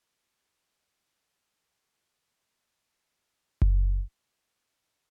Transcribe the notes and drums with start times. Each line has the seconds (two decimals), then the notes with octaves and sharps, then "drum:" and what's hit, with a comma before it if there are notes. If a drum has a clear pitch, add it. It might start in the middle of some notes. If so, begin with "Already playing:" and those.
0.04 F4 G4 C#5
2.76 D5 D#5 A5 D6 E6
3.62 drum: kick F#1